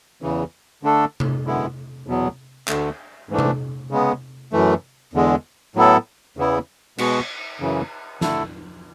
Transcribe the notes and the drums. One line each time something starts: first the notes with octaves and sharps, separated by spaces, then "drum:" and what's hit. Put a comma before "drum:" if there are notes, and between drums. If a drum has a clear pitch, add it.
E2 C#3 E3
D3 A3 D4 A4
drum: tom C3
F#2 D3 G#3 B3 E4
E2 B2 F#3 B3
D2 D3 A3, drum: clap
G#2 E3 A3 D4
drum: tom C3
C#3 G#3 B3
F#2 E3 A3
E2 D3 G#3
A2 F#3 B3 E4 A4
E2 C#3 E3 B3 E4
B2 G#3 B3 F#4, drum: cymbal
F#2 C#3 E3
D3 A3 E4 A4, drum: snare